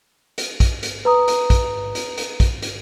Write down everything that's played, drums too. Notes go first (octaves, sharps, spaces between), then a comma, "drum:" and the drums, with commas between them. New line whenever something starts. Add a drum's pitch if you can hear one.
drum: hi-hat
drum: kick A#1, hi-hat
drum: hi-hat
B4 A#5 D#6
drum: hi-hat
drum: kick A#1, hi-hat
drum: hi-hat
drum: hi-hat
drum: kick A#1, hi-hat
drum: hi-hat